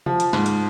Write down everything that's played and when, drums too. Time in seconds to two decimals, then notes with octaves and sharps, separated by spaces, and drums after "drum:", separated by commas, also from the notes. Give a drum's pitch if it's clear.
0.06 F3, drum: tom C3
0.20 drum: hi-hat
0.33 G#2, drum: snare
0.46 drum: hi-hat